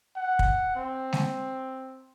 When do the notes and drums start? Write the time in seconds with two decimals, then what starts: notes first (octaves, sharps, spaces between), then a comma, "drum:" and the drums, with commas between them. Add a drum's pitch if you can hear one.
0.16 F#5
0.39 drum: kick
0.76 C4
1.13 drum: snare G#3